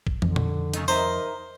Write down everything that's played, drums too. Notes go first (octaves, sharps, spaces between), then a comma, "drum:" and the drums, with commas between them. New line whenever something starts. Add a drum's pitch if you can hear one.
drum: kick A#1
F2 D3 D#3, drum: tom
drum: tom A#2
C#3 A3 D#4, drum: hi-hat
D#4 A#4 C5 D#5 E5